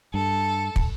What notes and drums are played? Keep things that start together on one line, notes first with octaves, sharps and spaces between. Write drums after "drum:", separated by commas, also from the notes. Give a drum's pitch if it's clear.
G2 A4
drum: kick